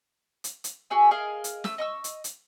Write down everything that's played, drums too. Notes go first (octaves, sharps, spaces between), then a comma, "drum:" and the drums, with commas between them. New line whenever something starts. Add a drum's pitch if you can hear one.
drum: hi-hat
drum: hi-hat
F#4 G#4 E5 G#5
G#4 A#4 D#5 F5
drum: hi-hat
A3 E6, drum: snare
D#5 C#6 E6
drum: hi-hat
drum: hi-hat